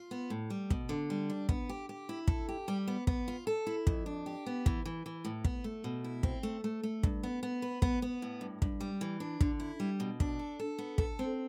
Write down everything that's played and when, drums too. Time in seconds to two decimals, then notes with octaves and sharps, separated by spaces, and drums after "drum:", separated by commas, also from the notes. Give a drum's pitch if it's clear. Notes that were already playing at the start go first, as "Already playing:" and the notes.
Already playing: F4
0.11 B3
0.30 A2
0.50 G3
0.70 B2, drum: kick
0.89 D3
1.10 G3
1.30 D4
1.49 B3, drum: kick
1.69 G4
1.89 G4
2.09 E4
2.28 A4, drum: kick
2.49 G4
2.68 G3
2.87 B3
3.07 B3, drum: kick
3.28 F4
3.47 A4
3.67 E4
3.87 F2, drum: kick
4.06 D4
4.26 G4
4.46 B3
4.66 E3, drum: kick
4.85 E3
5.06 E3
5.25 A2
5.45 B3, drum: kick
5.64 A3
5.84 B2
6.04 E4
6.23 C4, drum: kick
6.43 A3
6.64 A3
6.83 A3
7.03 G2, drum: kick
7.23 B3
7.43 B3
7.62 B4
7.82 B3, drum: kick
8.02 B3
8.22 A2
8.41 G2
8.62 G2, drum: kick
8.81 G3
9.01 E3
9.20 D4
9.41 D3, drum: kick
9.60 E4
9.80 G3
10.00 B2
10.20 D4, drum: kick
10.39 A4
10.60 A4
10.78 B3
10.98 A4, drum: kick
11.19 C4